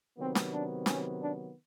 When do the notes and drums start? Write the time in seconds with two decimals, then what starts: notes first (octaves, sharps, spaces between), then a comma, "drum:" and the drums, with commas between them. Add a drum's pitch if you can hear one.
0.18 C3 D#3 F#3 B3 C4
0.35 drum: snare
0.52 D4
0.86 C#4, drum: snare
1.19 D4